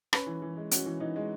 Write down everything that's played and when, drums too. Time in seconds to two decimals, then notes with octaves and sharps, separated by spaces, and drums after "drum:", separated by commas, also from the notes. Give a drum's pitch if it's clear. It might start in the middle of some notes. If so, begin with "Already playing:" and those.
0.13 C#4 B4, drum: rim click
0.27 E3
0.42 E3
0.56 G#3
0.71 C#4 F#4, drum: hi-hat
0.86 E3
1.00 E3 D#4
1.16 G#3